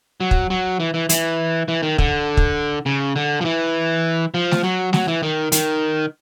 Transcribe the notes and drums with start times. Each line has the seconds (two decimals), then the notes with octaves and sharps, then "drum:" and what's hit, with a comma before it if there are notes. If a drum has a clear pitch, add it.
0.21 F#3
0.31 drum: kick
0.50 F#3
0.80 E3
0.94 E3
1.09 E3, drum: hi-hat
1.68 E3
1.83 D#3
1.98 D3, drum: kick
2.37 drum: kick
2.86 C#3
3.16 D3
3.41 F3
3.45 E3
4.34 F3
4.51 drum: snare A3
4.64 F#3
4.93 F#3, drum: snare A3
5.08 E3
5.23 D#3
5.52 D#3, drum: hi-hat